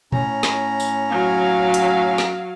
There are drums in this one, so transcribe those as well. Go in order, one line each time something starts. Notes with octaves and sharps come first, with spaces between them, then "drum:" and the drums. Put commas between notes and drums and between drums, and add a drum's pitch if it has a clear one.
A2 C#4 A#5, drum: tom A#2
drum: snare
drum: tambourine
F#3 F5
drum: hi-hat
drum: snare